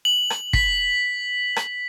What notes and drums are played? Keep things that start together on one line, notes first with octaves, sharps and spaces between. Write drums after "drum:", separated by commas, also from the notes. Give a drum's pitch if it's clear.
F#7
drum: rim click
B6, drum: kick
drum: rim click